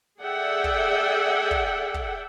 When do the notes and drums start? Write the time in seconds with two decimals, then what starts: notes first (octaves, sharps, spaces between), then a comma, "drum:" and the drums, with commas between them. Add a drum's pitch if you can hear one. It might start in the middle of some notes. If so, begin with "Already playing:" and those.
0.21 G#4 A4 D5 E5 F#5 G5
0.64 drum: kick
1.51 drum: kick
1.94 drum: kick